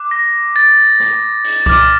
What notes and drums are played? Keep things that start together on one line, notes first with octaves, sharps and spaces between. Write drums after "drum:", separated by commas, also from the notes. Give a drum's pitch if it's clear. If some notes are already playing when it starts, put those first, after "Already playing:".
Already playing: D6 F#6
A#6
A6
drum: rim click
drum: cymbal
D6 F6, drum: kick C2